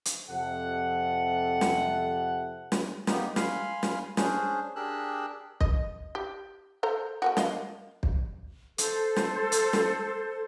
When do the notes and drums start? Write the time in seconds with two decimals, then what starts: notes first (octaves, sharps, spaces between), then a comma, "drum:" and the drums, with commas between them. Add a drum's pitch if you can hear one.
0.05 drum: hi-hat
0.29 F2 C3 A4 F#5
1.61 drum: snare
2.72 drum: snare
3.07 A#3 B3 D#4 G4, drum: snare
3.36 F5 G#5 B5 C6 F6, drum: snare
3.83 drum: snare
4.17 C#4 D4 G#4 C5, drum: snare
4.76 D4 G4 G#4 A#4 E6 F#6
5.61 D#5, drum: kick
6.15 G4
6.83 A4 C5 A#5
7.22 A3 A#3 F#4
7.37 A#3 D#5 F5, drum: snare
8.03 drum: kick
8.78 A4 C5, drum: hi-hat
9.16 drum: snare
9.52 drum: hi-hat
9.73 drum: snare